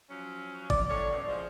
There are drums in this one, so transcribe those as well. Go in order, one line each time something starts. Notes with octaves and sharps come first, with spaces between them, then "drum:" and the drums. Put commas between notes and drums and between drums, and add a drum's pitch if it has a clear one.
F3 F#3 C#4
D5, drum: kick G1
A2 D3 C#5
F#2 B2
F3 G#3